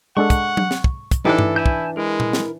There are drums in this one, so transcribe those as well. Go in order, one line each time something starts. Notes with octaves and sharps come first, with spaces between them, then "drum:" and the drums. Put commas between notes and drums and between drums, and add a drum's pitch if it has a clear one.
G#3 D4 A4 F#5 C#6
drum: kick, hi-hat
drum: tom F#3
drum: snare
drum: kick
drum: kick, hi-hat
E3 D4 D#4 G4 A4
drum: tom G2
E4 G#5 A5 G6
drum: kick
G#3 E4 A#4
drum: tom A#2
drum: snare